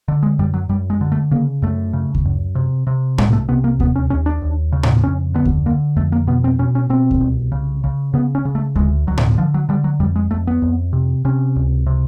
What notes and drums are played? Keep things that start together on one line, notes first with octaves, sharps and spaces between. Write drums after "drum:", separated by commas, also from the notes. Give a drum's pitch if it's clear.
D3
G#3
F#2 G3
F#3
F#2 G3
G#3
D3
A3
C#3 A#3
F#2 A3
C#3
drum: kick D2
F#2
C3
C3
C2 G#3, drum: tom A2
A3
C3 B3
A#3
D#2 B3, drum: kick D2
C#4
D#2 C#4
D4
D#2
C#3
drum: tom A2
F2 C#4
D3 B3
drum: kick D2
D3 A#3
F2 A3
A#3
B2 B3
C4
B2 C#4
C#4
B2 C4
drum: kick D2
C2
C#3
C#3
C#3 B3
C#4
C#3
A3
D2 G#3, drum: kick D2
D2 F#3
drum: tom A2
D3 F3
F#3
D3 G3
F#3
F2 G3
G#3
F2 A3
B3
F2
C3
C3 C#4
C#2
C3